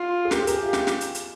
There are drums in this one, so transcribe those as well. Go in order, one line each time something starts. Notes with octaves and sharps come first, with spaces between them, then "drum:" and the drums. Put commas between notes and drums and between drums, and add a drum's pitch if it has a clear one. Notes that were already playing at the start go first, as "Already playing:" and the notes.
Already playing: F4
G#4
G4 A#4, drum: snare
G#4
A#4, drum: hi-hat
G#4
F4
F4, drum: snare
drum: snare
drum: hi-hat
drum: hi-hat